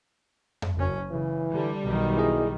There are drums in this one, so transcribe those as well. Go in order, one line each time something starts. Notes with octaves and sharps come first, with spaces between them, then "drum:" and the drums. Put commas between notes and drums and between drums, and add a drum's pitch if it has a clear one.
drum: tom F2
F#1 F#2 C#4
C#3 E3
D3 G3
B1 B2 D#3
E4 G#4 D#5